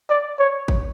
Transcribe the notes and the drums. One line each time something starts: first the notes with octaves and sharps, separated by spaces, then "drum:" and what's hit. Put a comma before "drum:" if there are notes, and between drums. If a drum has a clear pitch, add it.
D5
C#5
drum: kick G#1